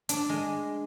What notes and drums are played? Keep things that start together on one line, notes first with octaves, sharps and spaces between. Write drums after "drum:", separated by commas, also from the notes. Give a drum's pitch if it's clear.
D4, drum: hi-hat
G#3